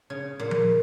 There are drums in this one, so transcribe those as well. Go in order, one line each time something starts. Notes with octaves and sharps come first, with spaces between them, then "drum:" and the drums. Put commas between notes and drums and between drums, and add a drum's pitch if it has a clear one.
C#3
A#2
drum: tom F3